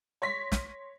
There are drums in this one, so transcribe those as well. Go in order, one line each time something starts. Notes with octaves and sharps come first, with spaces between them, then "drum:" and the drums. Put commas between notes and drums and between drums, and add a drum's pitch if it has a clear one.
C#5 C6 A#6 B6
drum: snare